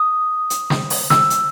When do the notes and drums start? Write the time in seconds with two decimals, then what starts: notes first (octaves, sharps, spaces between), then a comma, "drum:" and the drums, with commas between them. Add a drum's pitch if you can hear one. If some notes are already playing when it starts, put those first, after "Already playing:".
Already playing: D#6
0.50 drum: hi-hat
0.70 drum: snare
0.90 drum: open hi-hat
1.10 E6, drum: snare
1.30 drum: hi-hat